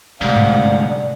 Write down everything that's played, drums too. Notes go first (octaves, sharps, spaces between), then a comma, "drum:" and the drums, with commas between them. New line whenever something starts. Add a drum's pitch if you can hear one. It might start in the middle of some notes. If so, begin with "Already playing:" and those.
D2 G#2 C3 G3 D5 F5 F#5
drum: tom G2